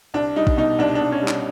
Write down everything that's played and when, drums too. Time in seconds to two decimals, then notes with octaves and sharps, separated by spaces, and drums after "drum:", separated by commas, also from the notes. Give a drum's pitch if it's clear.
0.14 C2 D4
0.36 G3 D#4
0.47 drum: kick A#1
0.57 B2 D#4
0.79 C2 D4
0.95 D4
1.01 C2
1.12 C#4
1.22 G3
1.28 D4, drum: clap